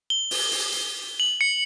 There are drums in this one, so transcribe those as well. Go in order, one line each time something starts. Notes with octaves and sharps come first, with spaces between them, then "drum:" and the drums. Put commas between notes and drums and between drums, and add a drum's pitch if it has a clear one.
G7
drum: open hi-hat
drum: open hi-hat
drum: hi-hat
F#7
C#7